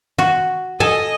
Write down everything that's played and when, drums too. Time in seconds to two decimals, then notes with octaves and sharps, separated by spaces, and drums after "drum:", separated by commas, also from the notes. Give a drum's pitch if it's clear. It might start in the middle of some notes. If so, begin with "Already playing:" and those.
0.18 F#4, drum: tom
0.80 A4 D#5 G#5, drum: tom